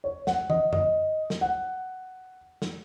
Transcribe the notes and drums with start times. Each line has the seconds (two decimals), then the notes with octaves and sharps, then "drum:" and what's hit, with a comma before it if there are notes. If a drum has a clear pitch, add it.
0.04 C#5
0.27 F#5, drum: snare
0.50 D#5, drum: tom
0.73 D#5, drum: tom F#2
1.30 drum: snare
1.41 F#5
2.62 drum: snare